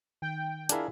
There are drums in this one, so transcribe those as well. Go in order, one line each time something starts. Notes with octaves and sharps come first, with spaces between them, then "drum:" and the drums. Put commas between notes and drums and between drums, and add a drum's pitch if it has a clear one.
D#3 G5
D4 E4 F4 G#4 A#4, drum: hi-hat